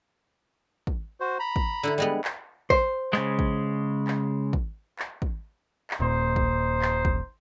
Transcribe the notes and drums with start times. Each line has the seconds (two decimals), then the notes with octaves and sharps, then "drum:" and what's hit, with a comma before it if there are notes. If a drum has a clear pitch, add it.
0.87 drum: kick
1.20 F#4 C5
1.39 A#5 B5
1.56 drum: kick
1.83 D3 E4 A4
1.98 G3 G#3 B3
2.24 drum: clap
2.70 C5, drum: kick
3.13 C#3 G#3, drum: clap
3.39 drum: kick
4.07 drum: clap
4.53 drum: kick
4.99 drum: clap
5.22 drum: kick
5.90 drum: clap
6.00 D#1 A#2 D#4 C5
6.36 drum: kick
6.82 drum: clap
7.05 drum: kick